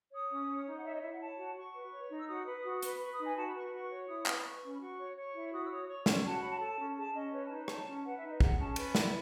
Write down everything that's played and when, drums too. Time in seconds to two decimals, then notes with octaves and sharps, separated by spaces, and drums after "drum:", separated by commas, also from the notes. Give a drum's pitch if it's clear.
0.12 C#5 D#6
0.30 C#4
0.48 C#5
0.66 D#4
0.79 F#5
0.84 C#5 E5
0.93 D#5
1.02 E4 E5
1.11 F#5
1.20 C#5 A5
1.38 F#4
1.56 F#4 C#6
1.74 B4
1.92 C#5
2.10 D#4
2.18 E6
2.28 F#4 D#6
2.46 B4
2.64 F#4
2.82 B4, drum: hi-hat
3.00 B4 C#6
3.12 D#6
3.19 D#4
3.24 G#5
3.36 F#4 A5
3.45 B5
3.55 B4 C#6
3.72 F#4 C#6
3.90 C#5
4.08 E4 D#6
4.26 B4, drum: clap
4.38 B5
4.44 B4 C#6
4.62 C#4
4.73 B5
4.80 F#4 C#6
4.98 C#5
5.16 C#5 C#6
5.34 E4
5.52 F#4 D#6
5.65 E6
5.70 C#5 D#6
5.84 D#6
5.88 C#5 C#6
6.06 C#4, drum: snare
6.24 F#4 A5
6.40 C#5 B5
6.49 A5
6.60 A4 A5
6.78 C#4
6.96 G#4 A5
7.14 C#4 D#5
7.32 B4 C#5
7.44 A5
7.50 D#4
7.68 C#5 A5, drum: rim click
7.86 C#4
8.05 B4 F#5
8.16 E5
8.23 D#4
8.28 D#5
8.40 G#4 F#5, drum: kick
8.58 C#4 A5
8.76 B4 B5, drum: cymbal
8.95 E4, drum: snare
9.02 B5